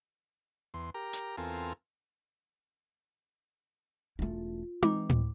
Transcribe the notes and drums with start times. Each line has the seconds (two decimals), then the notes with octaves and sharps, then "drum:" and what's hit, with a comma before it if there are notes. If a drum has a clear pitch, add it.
0.74 E2 C6
0.94 G4 A#4 A#5
1.13 drum: hi-hat
1.37 E2 C4 F4 A4 A#4 G#5
4.19 E1 A3 E4 F4
4.83 E3 G#3 C4 D6, drum: tom D#4
5.09 drum: tom A2